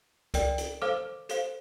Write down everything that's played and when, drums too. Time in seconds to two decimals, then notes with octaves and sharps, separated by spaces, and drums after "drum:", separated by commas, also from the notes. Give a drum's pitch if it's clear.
0.34 A#4 D5 G5, drum: kick C#2, hi-hat
0.58 drum: hi-hat
0.82 A4 C5 F5 D6 F6, drum: rim click
1.29 A4 C5 F5, drum: hi-hat